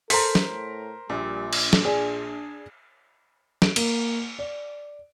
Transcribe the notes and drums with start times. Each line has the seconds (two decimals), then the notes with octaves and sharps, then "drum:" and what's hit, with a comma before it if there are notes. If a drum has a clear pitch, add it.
0.10 A4 A#4 C5 A#5 C6 B6, drum: open hi-hat
0.35 drum: snare
0.46 A2
1.10 A#1 A#2 G3
1.53 D4, drum: cymbal
1.73 drum: snare
1.84 G#4 D5 G#5
3.62 D7, drum: snare
3.76 A#3, drum: cymbal
4.39 D5